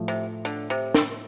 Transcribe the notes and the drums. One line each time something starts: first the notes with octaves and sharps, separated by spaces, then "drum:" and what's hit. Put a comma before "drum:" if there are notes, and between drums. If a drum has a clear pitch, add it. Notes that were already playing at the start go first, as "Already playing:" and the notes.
Already playing: A2 F3 A3
C3
D3
C3
drum: snare